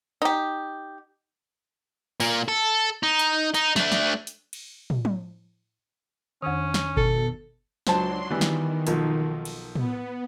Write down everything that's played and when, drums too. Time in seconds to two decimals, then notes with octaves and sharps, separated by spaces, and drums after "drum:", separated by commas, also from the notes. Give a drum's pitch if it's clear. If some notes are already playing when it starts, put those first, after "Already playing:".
0.22 D#4 G4
2.20 A#2 A#3, drum: open hi-hat
2.48 A4
3.03 D#4
3.19 drum: hi-hat
3.54 D#4, drum: hi-hat
3.76 A3 D4, drum: snare
3.92 drum: snare
4.27 drum: hi-hat
4.53 drum: cymbal
4.90 drum: tom
5.05 drum: tom
6.42 F2 D#3 C#4
6.74 drum: snare
6.97 B2 A4, drum: kick G1
7.87 C#2 F#3 D4 C5 A5 C6, drum: snare
8.30 D#3 E3 G3 B3
8.41 drum: snare
8.87 B1 F3 A#3, drum: hi-hat
9.45 drum: cymbal
9.75 B3, drum: tom